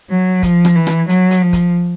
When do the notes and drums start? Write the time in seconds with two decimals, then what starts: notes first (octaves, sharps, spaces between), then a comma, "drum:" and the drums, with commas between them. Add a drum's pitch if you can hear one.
0.10 F#3
0.43 F3, drum: kick, hi-hat
0.65 drum: rim click
0.76 E3
0.87 drum: rim click
1.09 F#3, drum: hi-hat
1.31 drum: hi-hat
1.42 F3
1.53 drum: kick, hi-hat